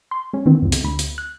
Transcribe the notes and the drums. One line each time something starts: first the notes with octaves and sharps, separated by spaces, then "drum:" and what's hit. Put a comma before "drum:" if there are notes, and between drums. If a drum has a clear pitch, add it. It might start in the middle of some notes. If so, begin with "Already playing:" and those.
C6
G#3 C#4
D#3 E3 B3 C4
C#2 F#2
drum: hi-hat
D2 B5
drum: hi-hat
F#6